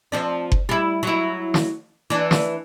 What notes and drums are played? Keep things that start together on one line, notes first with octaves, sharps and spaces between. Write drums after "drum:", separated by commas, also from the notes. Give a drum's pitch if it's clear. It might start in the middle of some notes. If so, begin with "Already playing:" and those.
F3 C4 D4
drum: kick F#1
G3 E4
F#3 E4
drum: snare
E3 D4
drum: snare